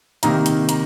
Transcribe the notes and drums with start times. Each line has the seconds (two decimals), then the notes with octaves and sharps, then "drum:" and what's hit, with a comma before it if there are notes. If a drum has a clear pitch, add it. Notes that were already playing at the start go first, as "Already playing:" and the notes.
0.23 C3 D#3 A#3 D#4 A#5, drum: hi-hat
0.46 drum: hi-hat
0.69 A#5, drum: hi-hat